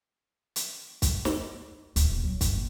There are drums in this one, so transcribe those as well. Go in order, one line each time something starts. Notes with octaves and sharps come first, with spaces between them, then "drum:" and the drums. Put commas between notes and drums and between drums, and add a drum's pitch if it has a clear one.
drum: hi-hat
drum: kick, hi-hat
drum: snare
D1, drum: hi-hat
D#1
F#3
G1, drum: kick, hi-hat
A#2